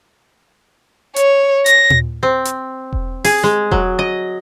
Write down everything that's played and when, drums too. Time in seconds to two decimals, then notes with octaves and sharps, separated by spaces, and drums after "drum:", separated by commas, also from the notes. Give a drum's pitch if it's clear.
1.16 C#5, drum: hi-hat
1.66 A#6, drum: hi-hat
1.90 drum: tom
2.23 C4
2.45 drum: hi-hat
2.93 drum: kick E1
3.24 G#4, drum: open hi-hat
3.43 G#3
3.71 F#3, drum: kick E1
3.99 D#5